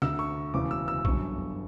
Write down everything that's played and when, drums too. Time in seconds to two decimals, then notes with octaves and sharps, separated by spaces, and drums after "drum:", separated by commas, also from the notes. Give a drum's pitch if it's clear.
0.02 D2 D3 E6, drum: rim click
0.19 C#6
0.54 E1 D2 C#3 E3 D6
0.71 E6
0.88 E6
1.05 G1 F#2 D3 C#6, drum: kick